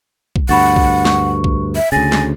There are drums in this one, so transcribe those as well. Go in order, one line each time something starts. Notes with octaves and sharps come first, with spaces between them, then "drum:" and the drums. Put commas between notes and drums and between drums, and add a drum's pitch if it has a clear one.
drum: kick B1
D2 G2 F#5 B5 C#6 A6
drum: kick B1
C#6, drum: snare
drum: kick B1
E5
D2 C#3 G#5 A6 A#6
drum: snare